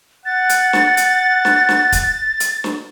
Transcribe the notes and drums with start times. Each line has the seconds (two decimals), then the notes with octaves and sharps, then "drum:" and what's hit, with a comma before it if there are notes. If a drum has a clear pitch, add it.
0.26 F#5 A6
0.49 drum: hi-hat
0.73 drum: snare
0.97 drum: hi-hat
1.45 drum: snare
1.69 drum: snare
1.92 drum: kick, hi-hat
2.40 drum: hi-hat
2.64 drum: snare